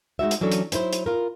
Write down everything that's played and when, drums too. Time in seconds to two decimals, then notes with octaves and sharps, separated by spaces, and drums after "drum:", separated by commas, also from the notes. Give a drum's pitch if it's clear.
0.19 G#3 D#4 F#4 E5
0.31 drum: hi-hat
0.41 E3 F#3 C#4 D4 A4
0.52 drum: hi-hat
0.72 F#3 D#4 E4 C5, drum: hi-hat
0.93 drum: hi-hat
1.06 F4 A#4